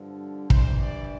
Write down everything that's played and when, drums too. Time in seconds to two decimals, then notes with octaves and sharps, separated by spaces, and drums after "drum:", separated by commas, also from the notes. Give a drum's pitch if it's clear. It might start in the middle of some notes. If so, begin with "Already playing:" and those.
Already playing: G2 D3 F3
0.50 G2 E3 G3 C5, drum: kick
0.80 D5